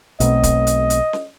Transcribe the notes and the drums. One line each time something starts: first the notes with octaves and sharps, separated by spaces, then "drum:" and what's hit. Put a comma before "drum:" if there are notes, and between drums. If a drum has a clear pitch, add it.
B1 B2 A3 C4 D#5, drum: hi-hat
drum: kick, hi-hat
drum: hi-hat
drum: hi-hat
drum: snare C#4